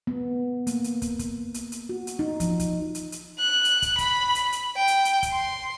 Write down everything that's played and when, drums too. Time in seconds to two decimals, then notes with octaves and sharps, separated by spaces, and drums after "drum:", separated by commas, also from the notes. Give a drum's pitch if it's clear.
0.07 B3
0.67 A#3, drum: hi-hat
0.84 drum: hi-hat
1.02 drum: kick, hi-hat
1.19 drum: kick, hi-hat
1.54 drum: hi-hat
1.72 drum: hi-hat
1.89 F#4
2.07 drum: hi-hat
2.19 D#4
2.40 F3, drum: kick, hi-hat
2.60 drum: kick, hi-hat
2.95 drum: hi-hat
3.12 drum: hi-hat
3.39 F#6
3.65 drum: hi-hat
3.82 drum: kick, hi-hat
3.98 B5, drum: kick, hi-hat
4.35 drum: hi-hat
4.52 drum: hi-hat
4.76 G5
4.88 drum: hi-hat
5.05 drum: hi-hat
5.23 drum: kick, hi-hat
5.32 C6